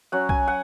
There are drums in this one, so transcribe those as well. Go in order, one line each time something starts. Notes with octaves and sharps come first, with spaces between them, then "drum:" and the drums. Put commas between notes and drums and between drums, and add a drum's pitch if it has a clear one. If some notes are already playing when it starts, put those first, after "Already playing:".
F#3 C#4 F#5
G#5, drum: kick B1
F#5